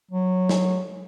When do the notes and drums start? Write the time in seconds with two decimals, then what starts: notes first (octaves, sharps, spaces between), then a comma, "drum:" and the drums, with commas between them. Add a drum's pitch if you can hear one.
0.11 F#3
0.49 drum: snare